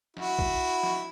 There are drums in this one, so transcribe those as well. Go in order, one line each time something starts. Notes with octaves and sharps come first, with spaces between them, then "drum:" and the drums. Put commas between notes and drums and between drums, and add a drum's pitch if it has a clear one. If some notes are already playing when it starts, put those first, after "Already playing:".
E4 F#4, drum: snare
drum: kick
drum: snare